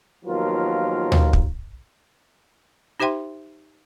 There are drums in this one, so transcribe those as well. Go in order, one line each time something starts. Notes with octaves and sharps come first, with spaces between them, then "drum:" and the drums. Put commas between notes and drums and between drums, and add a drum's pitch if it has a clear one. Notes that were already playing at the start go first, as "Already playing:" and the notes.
D#2 F3 F#3 B3 F4 A#4
drum: tom D2
drum: kick
D#4 G4 C5 E5 G5 C6